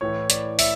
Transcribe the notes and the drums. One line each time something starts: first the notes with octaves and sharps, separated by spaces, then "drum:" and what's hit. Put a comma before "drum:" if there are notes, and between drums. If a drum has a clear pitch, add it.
A2 E3 C#5
D5, drum: hi-hat
E5, drum: open hi-hat